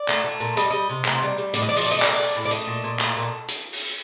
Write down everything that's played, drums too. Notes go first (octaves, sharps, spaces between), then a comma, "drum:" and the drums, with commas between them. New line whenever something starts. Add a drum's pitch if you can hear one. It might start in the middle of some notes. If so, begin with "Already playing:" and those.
Already playing: D5
A3, drum: clap
A3
A#2
G3 D#5, drum: hi-hat
G3 D#5
C3
C3, drum: clap
G3
G3
A2 D5, drum: hi-hat
D#5
F3 D5
D#5, drum: open hi-hat
D5
A3
D#5
D5
A3 D#5, drum: clap
D5
A3
A2
D5
A3 D#5, drum: hi-hat
A#2
A#2
A3, drum: clap
A#2
drum: hi-hat
drum: open hi-hat